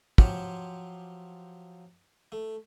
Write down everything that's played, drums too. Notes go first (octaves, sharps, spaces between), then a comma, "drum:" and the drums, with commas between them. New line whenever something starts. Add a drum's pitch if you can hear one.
F3 F#3 G4 C5 C#5 F5, drum: kick
A3